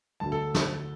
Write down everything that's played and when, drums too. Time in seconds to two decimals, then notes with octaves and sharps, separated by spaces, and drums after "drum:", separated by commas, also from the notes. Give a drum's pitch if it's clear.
0.20 D2 D3 F#3 A5
0.32 A4
0.54 drum: snare